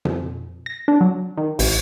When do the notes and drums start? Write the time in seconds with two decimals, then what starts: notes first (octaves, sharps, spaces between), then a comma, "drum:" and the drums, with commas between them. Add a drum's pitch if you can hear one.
0.05 F2, drum: tom B2
0.66 A#6
0.88 D4
1.01 F#3
1.37 D#3
1.59 A1, drum: open hi-hat